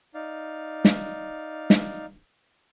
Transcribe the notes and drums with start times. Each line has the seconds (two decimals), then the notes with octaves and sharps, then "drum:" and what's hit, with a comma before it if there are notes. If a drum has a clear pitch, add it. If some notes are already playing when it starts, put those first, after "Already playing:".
0.15 D#4 D5 F5
0.85 drum: snare
1.70 drum: snare